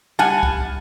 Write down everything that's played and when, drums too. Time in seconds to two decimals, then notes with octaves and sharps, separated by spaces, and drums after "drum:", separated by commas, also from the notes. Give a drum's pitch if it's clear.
0.19 G3 F#5 G#5 A5
0.43 drum: kick C2